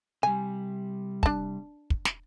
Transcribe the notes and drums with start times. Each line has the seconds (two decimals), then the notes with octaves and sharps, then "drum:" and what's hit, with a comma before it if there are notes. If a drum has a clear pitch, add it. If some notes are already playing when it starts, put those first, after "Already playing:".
0.23 C3 G3 G#5
1.23 D4 A5, drum: kick
1.90 drum: kick
2.05 drum: snare